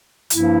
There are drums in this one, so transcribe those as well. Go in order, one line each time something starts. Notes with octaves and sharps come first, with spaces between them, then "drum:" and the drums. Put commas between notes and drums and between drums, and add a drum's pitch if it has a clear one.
G2 F3 A#3 E4, drum: hi-hat